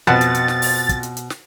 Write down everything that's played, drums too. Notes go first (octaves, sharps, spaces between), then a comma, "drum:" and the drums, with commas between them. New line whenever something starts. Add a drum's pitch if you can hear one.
F2 B2 B4 F#5 A6
drum: hi-hat
drum: hi-hat
drum: snare
drum: open hi-hat
drum: kick, hi-hat
drum: hi-hat
drum: hi-hat
drum: snare